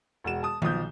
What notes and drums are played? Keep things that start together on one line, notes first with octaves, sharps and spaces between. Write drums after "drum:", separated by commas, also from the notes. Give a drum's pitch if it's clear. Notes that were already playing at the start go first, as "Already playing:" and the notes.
E1 F#4 E7
A5 D#6
B1 F3 D#6 G6, drum: tom D#3